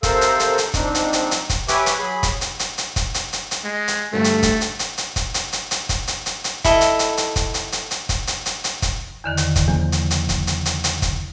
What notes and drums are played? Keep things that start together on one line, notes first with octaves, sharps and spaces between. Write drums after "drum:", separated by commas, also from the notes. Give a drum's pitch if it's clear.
C3 A4 A#4 C5 F5 E6, drum: kick, hi-hat
drum: hi-hat
drum: hi-hat
drum: hi-hat
G#2 F3 C4 D4 D#4, drum: kick, hi-hat
drum: hi-hat
drum: hi-hat
drum: hi-hat
drum: kick, hi-hat
G4 B4 C#5 E5 G#5 D6, drum: hi-hat
drum: hi-hat
F#3 G#4 B5
drum: kick, hi-hat
drum: hi-hat
drum: hi-hat
drum: hi-hat
drum: kick, hi-hat
drum: hi-hat
drum: hi-hat
drum: hi-hat
G#3
drum: hi-hat
D2 G2 A3 A4
drum: hi-hat
drum: kick, hi-hat
drum: hi-hat
drum: hi-hat
drum: hi-hat
drum: kick, hi-hat
drum: hi-hat
drum: hi-hat
drum: hi-hat
drum: kick, hi-hat
drum: hi-hat
drum: hi-hat
drum: hi-hat
E4 A4 D#5, drum: kick, hi-hat
drum: hi-hat
drum: hi-hat
drum: hi-hat
drum: kick, hi-hat
drum: hi-hat
drum: hi-hat
drum: hi-hat
drum: kick, hi-hat
drum: hi-hat
drum: hi-hat
drum: hi-hat
drum: kick, hi-hat
E2 D3 D#3
drum: hi-hat
drum: kick, hi-hat
E2 C#3 F3 A#3
drum: hi-hat
drum: hi-hat
drum: kick, hi-hat
drum: hi-hat
drum: hi-hat
drum: hi-hat
drum: kick, hi-hat